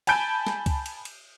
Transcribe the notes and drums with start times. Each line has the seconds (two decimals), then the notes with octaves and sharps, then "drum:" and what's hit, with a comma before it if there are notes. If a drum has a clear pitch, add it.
0.07 G#5 A5 B5 G6 D7, drum: cymbal
0.47 drum: snare
0.66 drum: kick C#2, cymbal
0.86 drum: cymbal
1.05 drum: cymbal